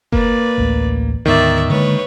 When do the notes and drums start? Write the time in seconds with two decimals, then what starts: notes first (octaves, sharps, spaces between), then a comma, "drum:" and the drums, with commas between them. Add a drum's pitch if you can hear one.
0.12 A#3 B4 D5, drum: kick F#1
0.58 A1 D2 A3
1.26 D2 G#2 D#3 B3 D5 E5
1.70 D3 G#3 A#3 B4 C#5